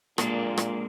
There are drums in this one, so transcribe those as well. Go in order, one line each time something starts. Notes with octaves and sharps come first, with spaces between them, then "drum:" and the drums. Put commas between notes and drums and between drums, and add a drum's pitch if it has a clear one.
A#2 G#3 A#3 D4, drum: rim click
drum: rim click